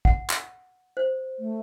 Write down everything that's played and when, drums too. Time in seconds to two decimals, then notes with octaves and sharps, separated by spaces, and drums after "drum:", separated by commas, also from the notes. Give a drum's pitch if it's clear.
0.05 F#5, drum: kick
0.30 drum: clap
0.97 C5
1.39 A3